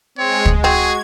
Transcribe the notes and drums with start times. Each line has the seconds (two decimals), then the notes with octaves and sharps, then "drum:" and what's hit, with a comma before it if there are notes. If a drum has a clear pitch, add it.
0.18 G#3 C4 C#5
0.45 drum: kick
0.64 C4 F#4 G#4 G#6